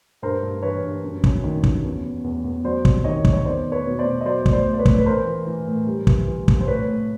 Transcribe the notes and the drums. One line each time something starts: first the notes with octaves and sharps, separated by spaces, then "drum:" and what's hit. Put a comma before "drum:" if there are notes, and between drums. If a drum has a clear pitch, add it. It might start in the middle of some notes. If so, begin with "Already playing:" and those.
G2 A#4 C5
G2
E3 B4 C#5
G2
F#2
F#2, drum: kick
D#3
F#2, drum: kick
E2
E2
E2
E2
F#3 C5 D5
C3, drum: kick
D#3 C#5 D#5
D#3, drum: kick
C#5
E2 C5 D5
E2
B4 C#5
B2
C5 D5
B2
D#5
F#3 C5 D5
A2, drum: kick
C5 D5
A2
D5
B4 C#5
A2, drum: kick
B4
E3 A#4 C5
E3
E3
A2
G3
E3, drum: kick
E3
C2, drum: kick
C5
A2 B4 C#5
A2